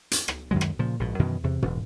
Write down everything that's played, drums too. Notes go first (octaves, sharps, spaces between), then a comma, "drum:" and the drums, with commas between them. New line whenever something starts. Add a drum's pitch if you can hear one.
drum: hi-hat
drum: rim click
F#2 D#3 F#3 G#3
drum: rim click
A#2 C#3 F3
A#1 G#2 B2
F#2 B2 D#3 E3
E2 C3
E1, drum: tom